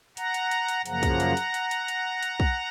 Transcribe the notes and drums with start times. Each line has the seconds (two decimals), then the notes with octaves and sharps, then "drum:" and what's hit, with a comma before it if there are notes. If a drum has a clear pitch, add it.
0.17 F#5 A#5, drum: hi-hat
0.34 drum: hi-hat
0.51 drum: hi-hat
0.68 drum: hi-hat
0.86 F#2 C#3 F3 A#3 F#5 A#5, drum: hi-hat
1.03 drum: kick, hi-hat
1.20 drum: hi-hat
1.37 drum: hi-hat
1.54 drum: hi-hat
1.71 drum: hi-hat
1.88 drum: hi-hat
2.23 drum: hi-hat
2.40 drum: kick